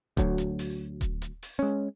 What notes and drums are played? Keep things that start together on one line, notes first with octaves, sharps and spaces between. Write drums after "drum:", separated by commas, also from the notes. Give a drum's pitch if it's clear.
D2 F#3, drum: kick D#1, hi-hat
drum: hi-hat
drum: open hi-hat
drum: kick D#1, hi-hat
drum: hi-hat
drum: open hi-hat
G#3 C#4